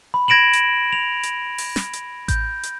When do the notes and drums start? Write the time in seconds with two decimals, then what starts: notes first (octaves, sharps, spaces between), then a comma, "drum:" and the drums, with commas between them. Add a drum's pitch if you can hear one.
0.14 B5
0.28 G#6 A#6 D7 E7 F#7
0.53 drum: hi-hat
0.93 F7
1.23 drum: hi-hat
1.58 drum: open hi-hat
1.76 drum: snare
1.93 drum: hi-hat
2.28 G6, drum: kick A1, hi-hat
2.63 drum: hi-hat